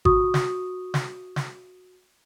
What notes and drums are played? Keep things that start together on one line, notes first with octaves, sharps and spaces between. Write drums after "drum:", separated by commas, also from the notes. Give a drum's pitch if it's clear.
F#4 C#6 D#6, drum: kick G#1
drum: snare
drum: snare
drum: snare